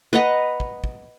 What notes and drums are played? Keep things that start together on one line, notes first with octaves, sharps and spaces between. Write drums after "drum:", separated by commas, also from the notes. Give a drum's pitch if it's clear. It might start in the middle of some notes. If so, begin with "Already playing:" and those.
B4 D#5 F#5 A#5
drum: kick
drum: kick